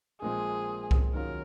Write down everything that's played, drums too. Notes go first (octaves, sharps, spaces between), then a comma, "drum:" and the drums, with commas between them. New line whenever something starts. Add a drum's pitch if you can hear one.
A#1 A#2 F3 G#3 C4 G#4
drum: kick C2
D#2 D#3 F#3 C#4 F4 A#4